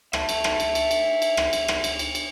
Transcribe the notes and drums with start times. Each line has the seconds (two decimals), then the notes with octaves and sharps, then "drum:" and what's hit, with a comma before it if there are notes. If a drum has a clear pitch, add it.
0.13 E5 A5, drum: rim click
0.29 drum: cymbal
0.44 drum: rim click
0.60 drum: cymbal
0.75 drum: cymbal
0.91 drum: cymbal
1.22 drum: cymbal
1.37 drum: rim click
1.53 drum: cymbal
1.68 drum: rim click
1.84 drum: cymbal
1.99 drum: cymbal
2.15 drum: cymbal